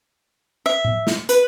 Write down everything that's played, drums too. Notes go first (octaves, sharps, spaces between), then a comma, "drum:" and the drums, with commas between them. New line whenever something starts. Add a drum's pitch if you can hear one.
E5
drum: tom A2
drum: snare
B4, drum: hi-hat